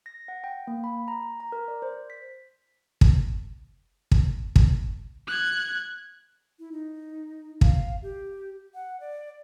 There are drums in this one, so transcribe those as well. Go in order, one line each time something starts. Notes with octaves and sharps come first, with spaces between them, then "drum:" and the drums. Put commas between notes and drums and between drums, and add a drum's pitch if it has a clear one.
A#6
F#5
G5
A#3
B5
A#5
A#5
A#4
D5
C5
B6
drum: kick
drum: kick
drum: kick
F#6 G#6
E4
D#4
F5, drum: kick
G4
F#5
D5